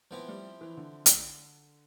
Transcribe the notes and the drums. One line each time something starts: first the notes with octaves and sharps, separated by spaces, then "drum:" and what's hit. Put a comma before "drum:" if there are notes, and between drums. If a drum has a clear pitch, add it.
F3 B3 C4 E4
G3
E3
D3
drum: hi-hat